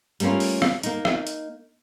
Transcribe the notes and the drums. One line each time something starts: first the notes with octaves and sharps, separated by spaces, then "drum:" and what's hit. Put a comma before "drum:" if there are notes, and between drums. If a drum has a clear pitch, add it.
G3 A3 A#3 C#4 F4, drum: hi-hat
drum: open hi-hat
drum: rim click
A#3 D#4, drum: hi-hat
drum: rim click
drum: hi-hat